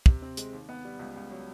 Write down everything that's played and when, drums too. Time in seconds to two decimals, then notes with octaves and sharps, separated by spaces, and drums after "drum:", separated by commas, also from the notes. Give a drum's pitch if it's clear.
0.06 C3, drum: kick
0.22 C4
0.37 G#3, drum: hi-hat
0.53 D#2
0.69 B3
0.85 G3
0.99 C#2
1.16 C#2
1.31 F#3